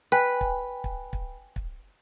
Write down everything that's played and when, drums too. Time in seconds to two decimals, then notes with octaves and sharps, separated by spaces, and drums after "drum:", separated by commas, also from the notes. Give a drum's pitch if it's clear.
0.12 B4 G5 G#5
0.41 drum: kick
0.84 drum: kick
1.13 drum: kick
1.56 drum: kick